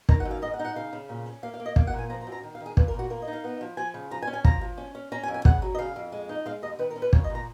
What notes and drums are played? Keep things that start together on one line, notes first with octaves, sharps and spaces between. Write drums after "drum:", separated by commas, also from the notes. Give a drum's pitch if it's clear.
D#3 A#5, drum: kick
F#5
F#2
F5
G#2 D#5
F#5
D#4
F#5
C#3 F5
C#3
A#2
C#4
A#3 F5
F5
A#3
D#5
A#3 F5, drum: kick
F#5
A#2
G#5
F3 A#5
A#5
F#2
A#5
D#3
F5
D#3
G#4
A#2 B4, drum: kick
A#4
A#2
F#4
A#3 A#4
D#5
D#4
F5
B3 F#5
F3
F3 G#5
C#3
F3 A#5
G#5
C#4
G#5
F3 A#5, drum: kick
F3
C#4
C#4
C#4 A#5
G#5
F2
G#5
C#3 F#5, drum: kick
F#3
D#5
C#3 F5
F2
G#3
D#4
G#3 F5
D#2 D#5
D#3 B4
A#4
C#4
B4
A#2 C#5, drum: kick
D#5
A#2 A#5